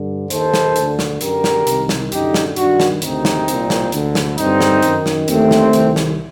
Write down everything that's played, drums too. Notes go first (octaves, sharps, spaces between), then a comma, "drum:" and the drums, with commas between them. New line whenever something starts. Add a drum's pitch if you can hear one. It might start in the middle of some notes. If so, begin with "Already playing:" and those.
Already playing: G2 D3
D#2 D#3 A4 C5, drum: hi-hat
drum: snare
D2 D3, drum: hi-hat
drum: snare
F#2 D3 G4 A#4, drum: hi-hat
drum: snare
C2 C3 D#3, drum: hi-hat
drum: snare
F#2 D3 D#4 G4, drum: hi-hat
drum: snare
G2 D#3 D4 F#4, drum: hi-hat
drum: snare
D2 C3 D#3 C4 D#4, drum: hi-hat
drum: snare
C2 A#2, drum: hi-hat
drum: snare
D2 D3, drum: hi-hat
drum: snare
G2 D3 C4 D#4, drum: hi-hat
drum: snare
F#2 D#3, drum: hi-hat
drum: snare
D#2 D3 A3 C4, drum: hi-hat
drum: snare
C2 C3 D#3, drum: hi-hat
drum: snare